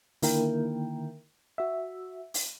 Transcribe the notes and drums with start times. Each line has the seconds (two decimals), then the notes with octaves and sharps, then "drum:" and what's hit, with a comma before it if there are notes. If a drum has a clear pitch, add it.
0.22 D3 D#3 A#3 E4 A#4 G5, drum: open hi-hat
1.58 F#4 E5
2.34 drum: open hi-hat